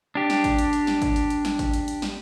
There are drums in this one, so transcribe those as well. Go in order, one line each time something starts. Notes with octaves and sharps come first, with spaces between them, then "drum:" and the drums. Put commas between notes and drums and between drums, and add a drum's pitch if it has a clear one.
D4 G4
drum: snare
drum: kick G#1, hi-hat
drum: hi-hat
drum: hi-hat
drum: snare
drum: kick G#1, hi-hat
drum: hi-hat
drum: hi-hat
drum: snare
drum: kick G#1, hi-hat
drum: hi-hat
drum: hi-hat
drum: snare